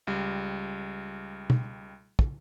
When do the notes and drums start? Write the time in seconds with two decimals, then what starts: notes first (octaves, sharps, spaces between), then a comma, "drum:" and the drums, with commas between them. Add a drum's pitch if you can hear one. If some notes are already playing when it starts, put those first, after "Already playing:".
0.07 C#2 G3
1.50 drum: tom B2
2.19 drum: kick